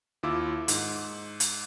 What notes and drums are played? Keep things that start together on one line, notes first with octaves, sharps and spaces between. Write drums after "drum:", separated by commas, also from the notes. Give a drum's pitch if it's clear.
D#2 E4 F4 D6 E6
G#2, drum: hi-hat
drum: hi-hat